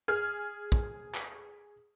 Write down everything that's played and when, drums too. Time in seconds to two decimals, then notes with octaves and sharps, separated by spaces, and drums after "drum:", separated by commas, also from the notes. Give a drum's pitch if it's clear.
0.08 G#4 F6
0.72 drum: kick
1.14 drum: clap